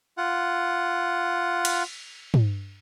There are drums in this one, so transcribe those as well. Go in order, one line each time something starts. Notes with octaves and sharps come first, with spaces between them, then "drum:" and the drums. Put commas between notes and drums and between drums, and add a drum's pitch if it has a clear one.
F4 F#5
drum: cymbal
drum: tom